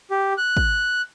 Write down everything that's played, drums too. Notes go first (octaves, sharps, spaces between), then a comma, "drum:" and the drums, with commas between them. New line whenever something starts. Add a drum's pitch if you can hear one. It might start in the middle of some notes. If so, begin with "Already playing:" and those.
G4
F#6
drum: kick